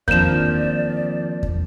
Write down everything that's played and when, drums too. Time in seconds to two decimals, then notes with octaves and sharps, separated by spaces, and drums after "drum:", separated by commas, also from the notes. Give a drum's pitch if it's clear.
0.08 D#3 F3 A#3 C4 D4 D5 G6 E7, drum: kick E2
1.43 drum: kick E2